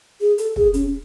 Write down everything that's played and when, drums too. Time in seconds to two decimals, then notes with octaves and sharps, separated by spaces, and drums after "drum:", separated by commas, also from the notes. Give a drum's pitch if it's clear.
0.21 G#4
0.38 A4, drum: hi-hat
0.56 G#4, drum: kick
0.74 C#4, drum: hi-hat